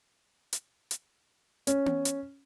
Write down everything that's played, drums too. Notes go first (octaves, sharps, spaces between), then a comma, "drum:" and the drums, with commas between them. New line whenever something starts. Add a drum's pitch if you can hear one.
drum: hi-hat
drum: hi-hat
C#4, drum: hi-hat
drum: tom B3
drum: hi-hat